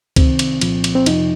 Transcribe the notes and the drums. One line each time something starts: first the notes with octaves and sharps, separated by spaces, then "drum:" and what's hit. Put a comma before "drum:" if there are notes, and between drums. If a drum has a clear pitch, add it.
C2 C3 D#3 C4, drum: kick C#2, cymbal
drum: cymbal
C2 A#2 F3, drum: cymbal
drum: cymbal
C4
F2 C3 F3 D#4, drum: cymbal